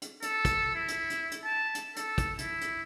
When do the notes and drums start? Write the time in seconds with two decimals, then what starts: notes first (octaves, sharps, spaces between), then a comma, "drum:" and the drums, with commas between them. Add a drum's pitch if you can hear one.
0.02 drum: hi-hat
0.22 A4, drum: hi-hat
0.45 drum: kick, hi-hat
0.75 E4
0.88 drum: hi-hat
1.10 drum: hi-hat
1.31 drum: hi-hat
1.44 A5
1.75 drum: hi-hat
1.96 A4, drum: hi-hat
2.18 drum: kick, hi-hat
2.38 E4, drum: hi-hat
2.61 drum: hi-hat